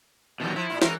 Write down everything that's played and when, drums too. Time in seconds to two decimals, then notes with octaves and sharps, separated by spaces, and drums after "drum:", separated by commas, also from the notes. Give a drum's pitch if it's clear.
0.40 B2 D#3 E3 F#3 G3
0.56 F3 E4
0.70 A#2 F4
0.82 E3 G#3 C#4 A#4, drum: snare